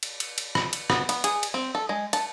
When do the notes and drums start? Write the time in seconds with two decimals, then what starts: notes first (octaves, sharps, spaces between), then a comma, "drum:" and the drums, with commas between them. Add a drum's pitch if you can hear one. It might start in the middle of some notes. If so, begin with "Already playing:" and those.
0.03 drum: cymbal
0.20 drum: cymbal
0.38 drum: cymbal
0.55 drum: rim click
0.73 drum: cymbal
0.90 B3, drum: rim click
1.09 B3, drum: cymbal
1.24 G#4, drum: cymbal
1.43 drum: cymbal
1.54 C4
1.75 A4
1.89 G#3
2.13 A5, drum: cymbal